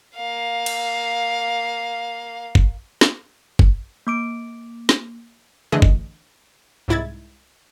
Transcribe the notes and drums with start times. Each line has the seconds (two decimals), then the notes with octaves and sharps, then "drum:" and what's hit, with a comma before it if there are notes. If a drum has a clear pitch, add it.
0.16 A#3 F5
0.66 drum: cymbal
2.55 drum: kick
3.01 drum: snare
3.59 drum: kick
4.07 A#3 D6 D7
4.89 drum: snare
5.72 D3 E3 A3 G#4 D#5
5.82 drum: kick
6.88 C2 G#2 E4 G#6 A6